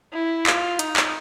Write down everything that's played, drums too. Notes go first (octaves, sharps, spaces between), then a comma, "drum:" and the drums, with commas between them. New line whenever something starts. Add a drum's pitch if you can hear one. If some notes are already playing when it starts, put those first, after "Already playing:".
E4
F4, drum: clap
D#4, drum: hi-hat
drum: clap